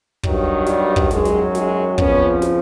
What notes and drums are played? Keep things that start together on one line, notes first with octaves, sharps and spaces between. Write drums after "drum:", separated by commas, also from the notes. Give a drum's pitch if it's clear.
G2 D#3 F#3, drum: kick
G3, drum: snare
drum: kick
F#2 D#3 F#3 G#3, drum: snare
drum: snare
G#3, drum: snare
F2 C#3 F3 B3 C#4, drum: kick
drum: snare